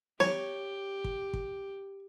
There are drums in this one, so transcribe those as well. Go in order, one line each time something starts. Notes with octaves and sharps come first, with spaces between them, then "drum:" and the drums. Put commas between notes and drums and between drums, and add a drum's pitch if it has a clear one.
G4 C#5, drum: snare
drum: kick
drum: kick